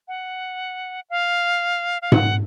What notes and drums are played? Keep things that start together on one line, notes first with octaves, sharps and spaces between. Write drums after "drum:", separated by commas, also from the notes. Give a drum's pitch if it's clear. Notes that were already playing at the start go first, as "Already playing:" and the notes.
F#5
F5
F5
F#5, drum: tom G#2